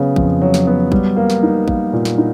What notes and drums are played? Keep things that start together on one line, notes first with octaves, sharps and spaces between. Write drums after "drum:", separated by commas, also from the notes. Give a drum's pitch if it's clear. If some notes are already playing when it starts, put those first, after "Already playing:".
Already playing: C#3 F#3 B3
F2, drum: kick A1
F#3
drum: snare
B3
G3, drum: kick A1
A#3
drum: snare
D#4
A#3, drum: kick A1
A#2
drum: snare
D#4